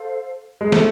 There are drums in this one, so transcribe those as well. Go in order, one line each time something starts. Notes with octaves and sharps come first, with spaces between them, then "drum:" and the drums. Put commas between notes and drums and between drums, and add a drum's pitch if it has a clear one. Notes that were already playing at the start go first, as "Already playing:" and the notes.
Already playing: A4 C5 F5
G#3
A3, drum: snare